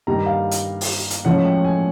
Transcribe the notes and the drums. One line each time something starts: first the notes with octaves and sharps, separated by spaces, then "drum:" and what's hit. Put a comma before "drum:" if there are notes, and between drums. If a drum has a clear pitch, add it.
G2 D#3 G3 A#5
F5
drum: hi-hat
drum: open hi-hat
drum: hi-hat
A2 F3 G#3 C#4 F#5
G5
G#5